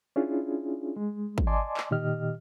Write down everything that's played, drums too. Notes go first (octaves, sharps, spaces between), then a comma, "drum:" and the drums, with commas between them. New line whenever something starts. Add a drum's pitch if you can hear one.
C#4 D4 E4 F4 G#4
G#3
drum: kick
D5 D#5 G#5 A5 C6 D6
drum: clap
A#2 D#3 G4 D#5 F6